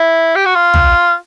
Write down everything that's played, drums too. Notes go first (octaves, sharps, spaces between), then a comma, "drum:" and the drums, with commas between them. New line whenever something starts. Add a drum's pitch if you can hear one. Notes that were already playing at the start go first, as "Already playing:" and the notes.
Already playing: E4
G4
F#4
F4
drum: tom